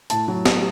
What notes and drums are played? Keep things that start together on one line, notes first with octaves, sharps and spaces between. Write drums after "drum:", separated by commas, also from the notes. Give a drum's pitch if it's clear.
A2 A5, drum: hi-hat
F#3
drum: snare